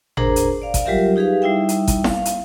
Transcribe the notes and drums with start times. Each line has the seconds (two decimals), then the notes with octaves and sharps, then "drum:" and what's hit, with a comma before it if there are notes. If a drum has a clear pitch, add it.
0.17 D4 G#4 A#4 C5 A#5, drum: tom G#1
0.36 drum: hi-hat
0.62 D5 F5
0.74 drum: kick, hi-hat
0.85 F#3 G3 F4 G4 A#4 E5
1.16 D#4 G4 G#4 B4 F5
1.42 G3 D#4 E4 E5 G5
1.69 drum: hi-hat
1.88 drum: kick, hi-hat
2.04 F5, drum: snare E4
2.25 drum: hi-hat